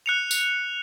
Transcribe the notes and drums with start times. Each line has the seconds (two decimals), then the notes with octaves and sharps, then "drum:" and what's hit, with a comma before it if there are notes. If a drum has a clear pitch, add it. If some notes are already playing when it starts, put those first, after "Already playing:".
0.06 F#6 C#7 F7
0.31 drum: tambourine